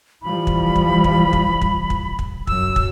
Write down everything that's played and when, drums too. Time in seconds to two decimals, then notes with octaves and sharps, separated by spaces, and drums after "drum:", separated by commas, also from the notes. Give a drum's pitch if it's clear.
0.23 E3 F3 G3 B5
0.47 drum: kick
0.76 drum: kick
1.04 drum: kick
1.33 drum: kick
1.61 drum: kick
1.90 drum: kick
2.19 drum: kick
2.47 F#2 F#3 E6, drum: kick
2.76 drum: kick